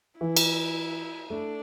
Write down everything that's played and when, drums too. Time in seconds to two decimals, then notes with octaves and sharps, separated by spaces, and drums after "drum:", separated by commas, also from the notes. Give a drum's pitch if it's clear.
0.20 E3 E4
0.37 drum: cymbal
1.30 A3 D4